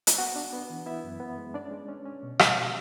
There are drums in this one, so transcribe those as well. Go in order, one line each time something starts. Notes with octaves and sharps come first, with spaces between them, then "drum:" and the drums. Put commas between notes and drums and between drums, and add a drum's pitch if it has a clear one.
drum: hi-hat
B3 F#4 F#5
D4
B3
E3
B3 E4 E5
F#2
B3
G#3
C#4 D4 D5
G#3
C#4
C#4
B2
B2, drum: rim click
G#3